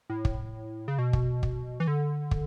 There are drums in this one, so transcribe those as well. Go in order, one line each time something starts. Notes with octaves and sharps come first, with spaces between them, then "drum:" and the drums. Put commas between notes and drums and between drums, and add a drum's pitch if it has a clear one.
A2
drum: kick
C#3
B2
drum: kick
drum: kick
E3
D3
drum: kick